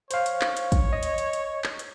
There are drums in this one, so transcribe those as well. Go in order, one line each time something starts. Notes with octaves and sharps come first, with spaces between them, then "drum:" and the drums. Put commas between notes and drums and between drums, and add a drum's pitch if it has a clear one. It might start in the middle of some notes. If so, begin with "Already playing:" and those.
C5 C#5 F5, drum: hi-hat
drum: hi-hat
drum: clap
drum: hi-hat
drum: kick, hi-hat
D#5
drum: hi-hat
drum: hi-hat
drum: hi-hat
drum: clap
drum: hi-hat